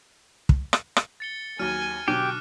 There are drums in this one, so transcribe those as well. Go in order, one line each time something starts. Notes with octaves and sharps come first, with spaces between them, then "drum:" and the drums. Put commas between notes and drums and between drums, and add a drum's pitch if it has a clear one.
drum: kick
drum: rim click
drum: rim click
A6 C#7 G7
D#2 F#3 G#5 F6 D#7
B2 D3 F#3 G4 D6 F#6